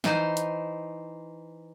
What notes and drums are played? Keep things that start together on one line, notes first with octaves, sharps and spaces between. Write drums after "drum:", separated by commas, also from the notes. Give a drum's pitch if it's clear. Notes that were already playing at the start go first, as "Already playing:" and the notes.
E3 D#4 C5, drum: snare
drum: hi-hat